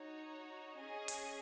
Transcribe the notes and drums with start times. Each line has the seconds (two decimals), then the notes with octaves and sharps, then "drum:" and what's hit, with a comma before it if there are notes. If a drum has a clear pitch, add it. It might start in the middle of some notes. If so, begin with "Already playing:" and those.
Already playing: D#4 F#4 C#5
0.77 C#4 G#4 D#5 G#5
1.08 drum: hi-hat